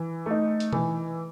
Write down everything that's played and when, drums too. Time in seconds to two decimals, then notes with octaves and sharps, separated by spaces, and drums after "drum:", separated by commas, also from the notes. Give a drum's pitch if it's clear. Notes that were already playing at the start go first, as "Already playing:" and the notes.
Already playing: E3
0.26 A3 D#4
0.60 drum: hi-hat
0.73 E3, drum: tom